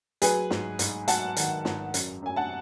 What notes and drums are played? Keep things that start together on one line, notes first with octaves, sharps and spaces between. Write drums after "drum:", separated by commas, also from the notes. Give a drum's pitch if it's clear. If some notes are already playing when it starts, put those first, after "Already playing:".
F#3 G#4 B4, drum: hi-hat
G#2, drum: snare
G#2, drum: hi-hat
F#3 F#5 A5, drum: hi-hat
D#3, drum: hi-hat
G#2, drum: snare
F#2, drum: hi-hat
F#2 G#5
F#5 A5